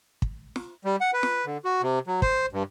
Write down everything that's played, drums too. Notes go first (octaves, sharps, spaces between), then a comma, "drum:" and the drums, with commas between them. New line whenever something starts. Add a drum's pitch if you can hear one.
drum: kick
drum: snare
G3
F#5
B4
drum: snare
D3
F#4
C3
F#3
C5, drum: kick
G2